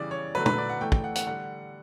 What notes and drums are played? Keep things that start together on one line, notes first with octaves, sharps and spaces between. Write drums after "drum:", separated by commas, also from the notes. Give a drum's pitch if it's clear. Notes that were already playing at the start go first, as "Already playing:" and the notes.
Already playing: C#3 E3 G3 D5
C#5
D3 F#3 A3 B4
B4, drum: tom
D5
F#5
A2 E3 A3 G5
G5, drum: kick
F#5
F#5, drum: hi-hat
D3 G3 F#5